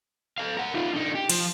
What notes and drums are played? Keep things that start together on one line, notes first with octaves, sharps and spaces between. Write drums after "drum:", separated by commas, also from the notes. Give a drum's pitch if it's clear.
A4 F5
A#4 F#5
D#4 F4
D3 D#4
G4
F3, drum: cymbal